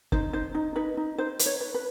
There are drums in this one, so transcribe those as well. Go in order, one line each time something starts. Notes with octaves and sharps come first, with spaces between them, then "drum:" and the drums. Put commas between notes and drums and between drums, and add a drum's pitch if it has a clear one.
D#4 C5, drum: kick
D#4 C5
D#4
D#4 B4
D#4
D#4 C5
B4, drum: hi-hat
C#5
B4
B4